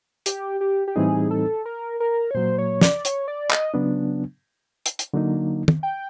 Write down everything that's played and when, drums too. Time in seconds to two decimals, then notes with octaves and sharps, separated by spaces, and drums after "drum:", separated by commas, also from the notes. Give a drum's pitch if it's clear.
0.26 G4, drum: hi-hat
0.61 G4
0.88 G4
0.96 A2 E3 G3 C4 D#4 G#4
1.31 A4
1.65 A#4
2.00 A#4
2.31 C#5
2.35 A#2 F#3 A#3 C5
2.58 C#5
2.81 D5, drum: snare
3.05 C#5, drum: hi-hat
3.28 D5
3.51 D#5, drum: clap
3.74 C#3 F#3 B3 D4
4.86 drum: hi-hat
4.99 drum: hi-hat
5.14 D3 F#3 A#3 D#4
5.68 drum: tom
5.83 G5